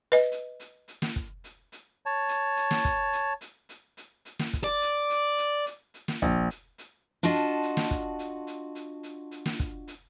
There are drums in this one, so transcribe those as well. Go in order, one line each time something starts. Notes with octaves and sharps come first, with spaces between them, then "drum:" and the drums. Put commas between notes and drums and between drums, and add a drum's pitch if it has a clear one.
B4 D#5
drum: hi-hat
drum: hi-hat
drum: hi-hat
drum: snare
drum: kick
drum: hi-hat
drum: hi-hat
C#5 A5
drum: hi-hat
drum: hi-hat
drum: snare
drum: kick, hi-hat
drum: hi-hat
drum: hi-hat
drum: hi-hat
drum: hi-hat
drum: hi-hat
drum: snare
drum: kick, hi-hat
D5
drum: hi-hat
drum: hi-hat
drum: hi-hat
drum: hi-hat
drum: hi-hat
drum: snare
A#1, drum: kick
drum: hi-hat
drum: hi-hat
D4 F4 F#4 D#5 A5
drum: hi-hat
drum: hi-hat
drum: snare
drum: kick, hi-hat
drum: hi-hat
drum: hi-hat
drum: hi-hat
drum: hi-hat
drum: hi-hat
drum: snare
drum: kick, hi-hat
drum: hi-hat